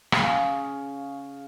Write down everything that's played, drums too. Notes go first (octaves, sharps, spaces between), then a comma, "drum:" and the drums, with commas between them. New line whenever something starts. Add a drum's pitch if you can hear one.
C#3 G#4 C#5 F5, drum: rim click